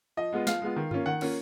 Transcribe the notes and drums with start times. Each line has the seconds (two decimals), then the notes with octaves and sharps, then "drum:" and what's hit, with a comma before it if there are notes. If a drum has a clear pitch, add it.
0.17 F3 D#5
0.32 G#3 B3 F4
0.47 F3 F5, drum: snare
0.62 G#3 B3 F4
0.76 D#3
0.91 A#3 C#4 F4, drum: tom G2
1.06 D#3 F#5
1.21 A#3 C#4 F4, drum: cymbal